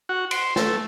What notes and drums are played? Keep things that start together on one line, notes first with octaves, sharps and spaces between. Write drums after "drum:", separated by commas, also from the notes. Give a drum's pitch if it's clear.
F#4
C6, drum: cymbal
A3, drum: snare